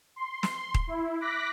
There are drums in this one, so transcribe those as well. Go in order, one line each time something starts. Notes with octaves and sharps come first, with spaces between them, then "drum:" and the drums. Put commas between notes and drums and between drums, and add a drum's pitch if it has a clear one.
C6
drum: snare
drum: kick D#1
E4
D6 F#6 A#6 B6